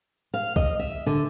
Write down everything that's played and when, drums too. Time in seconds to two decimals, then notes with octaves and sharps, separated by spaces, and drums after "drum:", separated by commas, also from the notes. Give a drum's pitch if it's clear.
0.34 F5
0.56 D#5, drum: kick C2
0.79 E5
1.06 D3